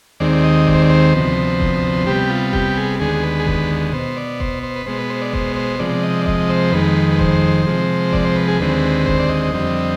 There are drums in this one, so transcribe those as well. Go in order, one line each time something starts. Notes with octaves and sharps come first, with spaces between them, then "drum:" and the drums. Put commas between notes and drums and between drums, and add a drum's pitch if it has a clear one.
D#2 D#3 G#3 C4 D5
D5
D#5
D5, drum: kick F1
C5
D5
C5
D2 C3 F3 B3
drum: kick F1
C3 G3 B3 G4
F4
G4, drum: kick F1
G#4
D#2 D3 G#3 B3 G#4
B4
G#4
B4, drum: kick F1
B2 B3 C5
D5
C5, drum: kick F1
C5
B4
B2 G#3 B3 C5
B4
C5
D5
C5, drum: kick F1
C5
C3 F3 G#3 D5
D#5
D5
D#5, drum: kick F1
C5
F2 D#3 G#3 B4
B4
C5, drum: kick F1
C3 F3 G#3
D5, drum: kick F1
C5
B4
G#4
D#2 D3 G#3 C4 B4
C5, drum: kick F1
D5
D#5
F2 D3 G3 C4